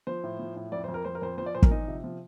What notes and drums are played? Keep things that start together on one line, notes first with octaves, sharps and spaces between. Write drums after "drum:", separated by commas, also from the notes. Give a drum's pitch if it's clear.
F3 C5
A2
F3
A2
F2 D5
C5
F2
A#4
F2 C5
A#4
F2 C5
F3 C5
D5
A#2 C5
A#4, drum: kick
F3 D#4
C3
F3